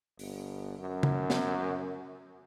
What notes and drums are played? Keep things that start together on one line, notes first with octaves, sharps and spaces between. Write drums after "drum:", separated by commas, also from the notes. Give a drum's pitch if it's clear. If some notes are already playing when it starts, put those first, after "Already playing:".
G1, drum: open hi-hat
F#2
drum: tom
drum: snare